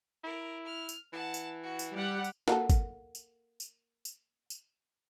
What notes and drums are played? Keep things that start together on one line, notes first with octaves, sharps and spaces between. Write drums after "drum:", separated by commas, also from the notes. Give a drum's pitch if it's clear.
E4 A#4
F6
drum: tambourine
E3 F#5 A5
drum: tambourine
F#4
drum: tambourine
G3 G4 F#5
drum: tambourine
A#3 F#4 A4, drum: snare
drum: kick, tambourine
drum: tambourine
drum: tambourine
drum: tambourine
drum: tambourine